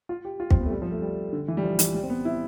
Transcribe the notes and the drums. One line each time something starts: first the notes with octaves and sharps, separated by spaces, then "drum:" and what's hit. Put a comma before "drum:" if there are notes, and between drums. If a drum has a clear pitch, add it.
F4
G4
F4
C4, drum: kick
B3
A3
G3
F3
A3
G3
D3
E3
G3
F3
E3, drum: hi-hat
G3
C4
B3
E4